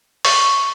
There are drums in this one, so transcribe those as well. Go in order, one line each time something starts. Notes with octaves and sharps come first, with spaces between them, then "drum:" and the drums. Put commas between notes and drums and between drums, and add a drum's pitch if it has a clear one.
C#6, drum: open hi-hat